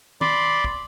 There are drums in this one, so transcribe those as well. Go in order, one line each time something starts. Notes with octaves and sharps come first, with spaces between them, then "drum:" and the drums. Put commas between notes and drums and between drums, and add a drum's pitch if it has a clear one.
D5 B5 C6 D6, drum: tom D#3
drum: kick